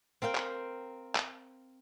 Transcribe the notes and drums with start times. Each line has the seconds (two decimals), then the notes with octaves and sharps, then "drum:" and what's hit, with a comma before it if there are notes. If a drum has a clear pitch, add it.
0.22 C4 A#4 F5 G5
0.35 drum: clap
1.15 drum: clap